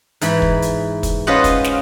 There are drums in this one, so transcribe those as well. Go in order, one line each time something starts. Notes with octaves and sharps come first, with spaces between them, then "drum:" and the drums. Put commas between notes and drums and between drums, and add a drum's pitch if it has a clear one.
G#2 E3 B5, drum: hi-hat
drum: kick
drum: hi-hat
drum: kick, hi-hat
C#4 F4 B4 C5 D#5 F#5
drum: kick, hi-hat
drum: snare